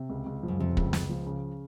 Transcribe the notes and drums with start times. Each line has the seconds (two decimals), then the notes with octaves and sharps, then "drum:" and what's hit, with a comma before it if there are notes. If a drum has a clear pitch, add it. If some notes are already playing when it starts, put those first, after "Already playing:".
Already playing: C3
0.10 C#2
0.26 C#2
0.43 F3
0.48 F#2
0.59 F2 C3
0.77 C#2, drum: kick
0.93 C#2, drum: snare
1.09 F3
1.27 C#3